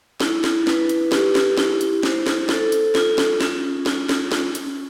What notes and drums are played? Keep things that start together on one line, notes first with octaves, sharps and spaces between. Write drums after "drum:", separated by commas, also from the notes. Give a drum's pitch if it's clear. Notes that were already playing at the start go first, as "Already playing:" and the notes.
E4, drum: snare
drum: snare
B4, drum: snare
drum: hi-hat
G4, drum: snare
drum: snare
E4, drum: snare
drum: hi-hat
C5, drum: snare
drum: snare
A4, drum: snare
drum: hi-hat
F4, drum: snare
drum: snare
C#4, drum: snare
F4, drum: snare
drum: snare
C#4, drum: snare
drum: hi-hat